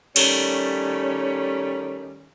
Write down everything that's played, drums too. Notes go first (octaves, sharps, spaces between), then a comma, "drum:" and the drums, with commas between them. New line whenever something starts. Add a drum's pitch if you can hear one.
D#3 G3 A3 C#4, drum: cymbal